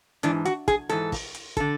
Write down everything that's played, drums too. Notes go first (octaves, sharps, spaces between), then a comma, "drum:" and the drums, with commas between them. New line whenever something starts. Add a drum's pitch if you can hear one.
G#2 E3 D4, drum: hi-hat
F#4, drum: hi-hat
G#4, drum: kick, hi-hat
G#2 E3 A4, drum: hi-hat
drum: kick, open hi-hat
drum: hi-hat
D3 A4, drum: kick, hi-hat